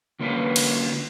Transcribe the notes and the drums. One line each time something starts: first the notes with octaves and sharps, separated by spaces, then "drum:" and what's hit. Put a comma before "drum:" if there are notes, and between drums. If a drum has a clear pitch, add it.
D3 A#3 C#4 F4 B4
drum: cymbal